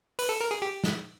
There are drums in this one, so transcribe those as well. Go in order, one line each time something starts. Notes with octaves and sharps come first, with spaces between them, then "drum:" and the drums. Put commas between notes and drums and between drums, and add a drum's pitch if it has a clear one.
B4, drum: open hi-hat
A4
A#4
G#4
G4
drum: snare